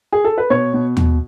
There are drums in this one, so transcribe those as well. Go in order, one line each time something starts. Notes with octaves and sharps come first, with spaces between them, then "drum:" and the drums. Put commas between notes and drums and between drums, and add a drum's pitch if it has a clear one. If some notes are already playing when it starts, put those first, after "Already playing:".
G#4
A4
B4
B2 C#5
B2
B2, drum: tom D#2